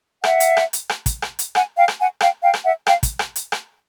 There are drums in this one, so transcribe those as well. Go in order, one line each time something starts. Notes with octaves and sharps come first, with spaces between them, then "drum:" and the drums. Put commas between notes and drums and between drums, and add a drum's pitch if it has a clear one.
E5 F#5, drum: rim click
drum: hi-hat
drum: rim click
drum: hi-hat
drum: rim click
drum: kick, hi-hat
drum: rim click
drum: hi-hat
F#5 G#5, drum: rim click
F5 G5
drum: rim click
F#5 G#5
F5 G5, drum: rim click
F5 G5
drum: rim click
E5 F#5
F5 G5, drum: rim click
drum: kick, hi-hat
drum: rim click
drum: hi-hat
drum: rim click